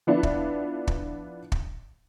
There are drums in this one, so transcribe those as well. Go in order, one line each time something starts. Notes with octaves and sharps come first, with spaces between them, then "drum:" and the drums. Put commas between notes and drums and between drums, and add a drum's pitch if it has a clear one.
F3 B3 D4 E4
drum: kick
drum: kick
drum: kick